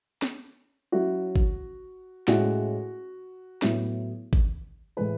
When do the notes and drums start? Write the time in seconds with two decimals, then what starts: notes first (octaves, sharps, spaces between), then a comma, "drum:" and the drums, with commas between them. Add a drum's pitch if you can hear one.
0.22 drum: snare
0.92 F#3 C#4 E4 F#4
1.36 drum: kick G#1
2.28 A2 G#3 C#4 E4 F#4, drum: snare
3.62 A2 F#3 B3 E4, drum: snare
4.33 drum: kick G#1
4.97 A2 E3 G#3 B4